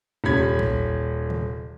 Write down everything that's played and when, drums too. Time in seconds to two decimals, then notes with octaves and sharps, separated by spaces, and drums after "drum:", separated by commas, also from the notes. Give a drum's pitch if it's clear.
0.24 D#1 C#4 G4 B5 G#6
0.59 drum: kick
1.30 drum: tom C3